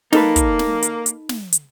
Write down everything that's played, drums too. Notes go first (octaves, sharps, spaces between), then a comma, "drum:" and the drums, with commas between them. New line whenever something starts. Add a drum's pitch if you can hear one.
A#3 D#4 A4 B4, drum: snare
drum: kick, hi-hat
drum: snare
drum: hi-hat
drum: hi-hat
drum: snare
drum: hi-hat